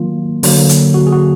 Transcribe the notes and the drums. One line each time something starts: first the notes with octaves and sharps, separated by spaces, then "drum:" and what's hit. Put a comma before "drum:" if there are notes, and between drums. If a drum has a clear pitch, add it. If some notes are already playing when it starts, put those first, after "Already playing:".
Already playing: D#3 F#3 A#3 F4
D3 F#3 A#3, drum: open hi-hat
drum: hi-hat
F#4
G#4
F#4